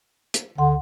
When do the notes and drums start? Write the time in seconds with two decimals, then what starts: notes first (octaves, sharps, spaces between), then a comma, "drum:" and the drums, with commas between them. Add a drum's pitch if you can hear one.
0.34 drum: hi-hat
0.58 D2 D3 F#5 C6